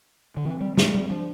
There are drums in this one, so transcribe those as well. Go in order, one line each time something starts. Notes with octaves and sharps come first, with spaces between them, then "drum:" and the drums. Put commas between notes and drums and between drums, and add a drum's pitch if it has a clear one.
D3
E3 C4
G3
A3, drum: snare
A#3
G3
C4
F3 D4